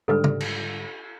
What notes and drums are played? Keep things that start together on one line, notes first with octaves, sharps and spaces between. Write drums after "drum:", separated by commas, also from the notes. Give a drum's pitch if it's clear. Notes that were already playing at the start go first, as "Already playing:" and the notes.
G#2 D3 G3 A4 B4
drum: tom
drum: cymbal